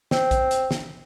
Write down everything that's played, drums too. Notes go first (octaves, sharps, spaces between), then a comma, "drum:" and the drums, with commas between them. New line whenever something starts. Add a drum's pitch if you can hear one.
C4, drum: snare
drum: kick A#1, hi-hat
drum: hi-hat
drum: snare